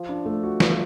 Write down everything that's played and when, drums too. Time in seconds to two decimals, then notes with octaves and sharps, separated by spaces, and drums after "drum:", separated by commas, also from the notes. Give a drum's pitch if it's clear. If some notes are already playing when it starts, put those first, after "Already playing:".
Already playing: F3
0.09 D4
0.26 A3
0.43 F#4
0.60 F3, drum: snare